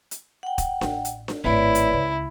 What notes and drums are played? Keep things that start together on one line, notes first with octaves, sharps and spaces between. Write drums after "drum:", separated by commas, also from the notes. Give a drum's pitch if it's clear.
drum: hi-hat
F#5 G5
drum: kick, hi-hat
A1, drum: snare D4
drum: hi-hat
drum: snare D4
G#1 A2 E4 B4 C#5 D5
drum: hi-hat
C#2